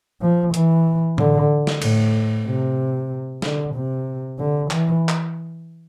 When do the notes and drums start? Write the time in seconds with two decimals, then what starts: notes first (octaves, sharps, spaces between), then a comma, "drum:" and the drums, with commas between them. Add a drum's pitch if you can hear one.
0.21 F3
0.54 E3, drum: hi-hat
1.18 D3, drum: tom A2
1.67 drum: snare
1.82 A2, drum: cymbal
2.46 C3
3.42 D3, drum: snare
3.75 C3
4.39 D3
4.71 E3, drum: clap
5.09 drum: clap